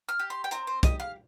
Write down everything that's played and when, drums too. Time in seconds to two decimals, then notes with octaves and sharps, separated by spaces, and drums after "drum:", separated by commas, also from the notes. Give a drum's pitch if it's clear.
0.09 F6
0.19 G4
0.30 C6
0.44 G5
0.51 C4 A#5, drum: hi-hat
0.67 C5
0.83 G4 D#5, drum: kick, hi-hat
1.00 F5